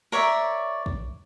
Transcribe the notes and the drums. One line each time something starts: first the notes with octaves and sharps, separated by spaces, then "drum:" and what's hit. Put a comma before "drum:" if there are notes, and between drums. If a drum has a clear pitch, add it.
A#4 C#5 D5 E5
drum: kick